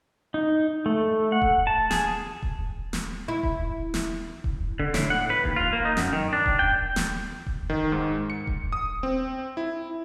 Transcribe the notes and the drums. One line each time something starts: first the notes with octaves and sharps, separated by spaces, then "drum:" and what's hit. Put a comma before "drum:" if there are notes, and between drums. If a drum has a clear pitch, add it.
D#4
A3
F#5
drum: kick D#1
A5
G#4, drum: snare
drum: kick D#1
drum: snare
E4
drum: kick D#1
drum: snare
drum: kick D#1
D3
A2, drum: snare
F#5
B4
D#2, drum: kick D#1
F4
A#3
D#4
F#2, drum: snare
D#3
D4
drum: kick D#1
G5
drum: snare
drum: kick D#1
D#3
G#2
C#7
drum: kick D#1
D#6
C4
E4